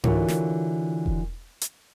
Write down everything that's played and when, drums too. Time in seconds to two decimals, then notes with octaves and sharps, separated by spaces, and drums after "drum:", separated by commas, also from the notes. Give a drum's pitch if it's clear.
0.04 D3 E3 F4 F#4 A#4 C#5, drum: tom G#2
0.28 drum: snare
1.06 drum: kick E1
1.61 drum: hi-hat